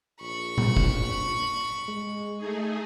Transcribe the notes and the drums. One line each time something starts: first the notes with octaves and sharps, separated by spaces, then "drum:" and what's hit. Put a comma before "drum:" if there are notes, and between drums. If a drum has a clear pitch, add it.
A#1 B5 C#6
drum: tom A#2
drum: kick
G#3
A3 D#4 G#4